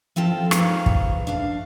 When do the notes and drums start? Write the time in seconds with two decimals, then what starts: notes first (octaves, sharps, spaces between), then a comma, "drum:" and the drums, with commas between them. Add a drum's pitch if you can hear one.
0.16 F3 C4 F4 A4
0.51 D#4 G#4 B4 C5 F5, drum: rim click
0.86 drum: kick
1.27 D4 F5